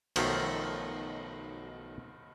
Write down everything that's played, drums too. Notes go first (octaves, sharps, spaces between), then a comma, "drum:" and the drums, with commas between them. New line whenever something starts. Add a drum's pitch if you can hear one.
B1 D#3 F3 F#3 A3, drum: cymbal